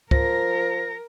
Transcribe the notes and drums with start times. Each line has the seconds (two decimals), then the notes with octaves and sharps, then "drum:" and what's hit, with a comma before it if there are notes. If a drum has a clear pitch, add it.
0.11 F3 A#4 A#6, drum: kick